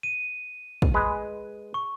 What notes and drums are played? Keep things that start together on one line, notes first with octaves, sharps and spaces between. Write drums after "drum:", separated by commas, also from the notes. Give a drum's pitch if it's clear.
D#7
drum: kick
G#3 B4
C#6